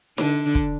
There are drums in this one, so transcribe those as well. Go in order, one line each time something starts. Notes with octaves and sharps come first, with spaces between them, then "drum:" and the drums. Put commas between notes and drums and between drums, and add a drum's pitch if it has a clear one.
D3 D4, drum: snare D#4
drum: kick